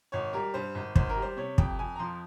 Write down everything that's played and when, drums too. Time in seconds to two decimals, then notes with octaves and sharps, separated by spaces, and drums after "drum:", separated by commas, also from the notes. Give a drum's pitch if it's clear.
0.12 G#1 C#5
0.33 G3 A#4
0.54 G2 C5
0.75 G#1
0.96 G#1 C5, drum: kick
1.09 A#4
1.17 G3
1.22 C5
1.37 C3 C#5
1.58 F2 G5, drum: kick
1.79 F2 G#5
1.96 A#5
1.99 F3 C6